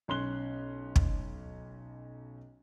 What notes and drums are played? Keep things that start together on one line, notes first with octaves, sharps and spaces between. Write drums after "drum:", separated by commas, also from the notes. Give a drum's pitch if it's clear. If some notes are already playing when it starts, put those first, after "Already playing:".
B1 C#4 C6 F#6 G7
drum: kick